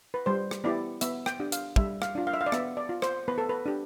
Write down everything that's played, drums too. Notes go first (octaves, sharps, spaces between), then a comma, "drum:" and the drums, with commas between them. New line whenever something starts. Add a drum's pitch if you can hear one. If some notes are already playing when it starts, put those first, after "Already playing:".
B4
G3 C5
drum: rim click
B3 E4 G4 D5
B3 E5, drum: hi-hat
G5, drum: rim click
D4 G4
F5, drum: hi-hat
G3 E5, drum: kick
F5, drum: rim click
D4 F4
F5
E5
F5
D5
B3 E5, drum: rim click
D5
F4
C5, drum: rim click
B3 B4
A4
B4
D4 G4